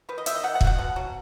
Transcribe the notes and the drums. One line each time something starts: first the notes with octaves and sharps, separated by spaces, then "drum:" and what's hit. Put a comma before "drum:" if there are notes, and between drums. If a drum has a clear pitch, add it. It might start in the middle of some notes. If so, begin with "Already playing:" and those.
D#3 B4
D#5
D#3 E5, drum: hi-hat
D#5
D#3 F#5
F#5
F#3, drum: kick
F#5
B2
F#3